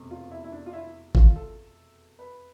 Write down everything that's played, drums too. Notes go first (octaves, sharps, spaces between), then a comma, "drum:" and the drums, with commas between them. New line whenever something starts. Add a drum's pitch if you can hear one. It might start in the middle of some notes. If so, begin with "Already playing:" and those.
Already playing: F1 E2 B2
F4
E4
E4
D4
F4
E4
F4, drum: kick
A4
B4